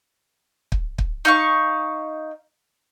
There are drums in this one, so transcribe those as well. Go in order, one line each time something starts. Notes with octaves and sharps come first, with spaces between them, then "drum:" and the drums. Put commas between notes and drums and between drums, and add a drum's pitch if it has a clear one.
drum: kick
drum: kick
D#4 F5 C#6